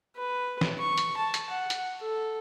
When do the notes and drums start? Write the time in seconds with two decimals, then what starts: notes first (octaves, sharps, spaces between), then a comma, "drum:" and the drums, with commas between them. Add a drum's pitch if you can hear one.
0.16 B4
0.61 drum: snare
0.79 C#6
0.98 drum: hi-hat
1.17 A5
1.34 drum: hi-hat
1.50 F#5
1.70 drum: hi-hat
2.01 A4